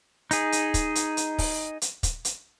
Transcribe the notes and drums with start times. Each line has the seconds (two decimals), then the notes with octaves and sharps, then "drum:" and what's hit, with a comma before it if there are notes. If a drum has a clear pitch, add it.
0.31 D#4 G#4, drum: hi-hat
0.52 drum: hi-hat
0.74 drum: kick, hi-hat
0.95 drum: hi-hat
1.17 drum: hi-hat
1.39 drum: kick, open hi-hat
1.82 drum: hi-hat
2.03 drum: kick, hi-hat
2.25 drum: hi-hat